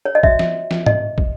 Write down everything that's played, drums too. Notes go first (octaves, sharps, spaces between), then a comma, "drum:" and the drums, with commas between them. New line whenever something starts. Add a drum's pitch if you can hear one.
C#5
D#5
F#4 C#5 E5, drum: kick
drum: snare
drum: snare
D#5, drum: tom
drum: kick